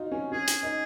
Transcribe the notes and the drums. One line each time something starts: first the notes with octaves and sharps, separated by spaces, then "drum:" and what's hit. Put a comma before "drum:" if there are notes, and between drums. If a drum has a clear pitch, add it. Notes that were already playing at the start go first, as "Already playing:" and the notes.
Already playing: D#4 F4 F#4
C#4
C#4 G#4
drum: hi-hat
D#4